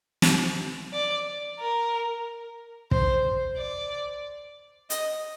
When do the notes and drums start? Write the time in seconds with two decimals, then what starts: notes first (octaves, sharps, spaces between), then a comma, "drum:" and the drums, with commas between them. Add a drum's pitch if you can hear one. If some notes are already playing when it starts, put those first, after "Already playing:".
0.22 drum: snare
0.93 D5
1.60 A#4
2.91 C5, drum: kick
3.57 D5
4.90 D#5, drum: hi-hat